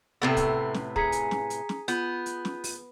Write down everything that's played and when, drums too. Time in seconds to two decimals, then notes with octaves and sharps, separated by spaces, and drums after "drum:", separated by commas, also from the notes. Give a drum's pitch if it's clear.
0.22 A2 C3 A3 B3
0.37 drum: kick, hi-hat
0.74 drum: snare
0.96 G#4 A#5 B6 C#7, drum: kick
1.12 drum: hi-hat
1.31 drum: snare
1.50 drum: hi-hat
1.69 drum: snare
1.88 B3 F4 G6, drum: hi-hat
2.26 drum: hi-hat
2.45 drum: snare
2.64 drum: open hi-hat